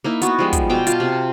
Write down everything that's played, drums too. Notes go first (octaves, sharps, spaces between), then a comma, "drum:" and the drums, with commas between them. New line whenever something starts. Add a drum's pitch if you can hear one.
A#3 D#4 E4
B3 F#4, drum: hi-hat
F3 G3 G#3
drum: kick, hi-hat
B2 C5 G5 D6
F4 A5, drum: hi-hat
C3